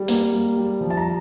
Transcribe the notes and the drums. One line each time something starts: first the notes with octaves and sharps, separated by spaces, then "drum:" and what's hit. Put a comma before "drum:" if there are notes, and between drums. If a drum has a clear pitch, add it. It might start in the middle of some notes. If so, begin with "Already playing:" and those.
Already playing: G3
A#3, drum: open hi-hat
G3
G3
F3
A5
A#5